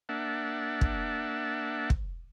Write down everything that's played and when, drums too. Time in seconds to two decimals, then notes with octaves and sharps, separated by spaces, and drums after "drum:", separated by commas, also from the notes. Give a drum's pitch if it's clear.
0.09 A#3 D4 E5 F#5 A5
0.81 drum: kick
1.90 drum: kick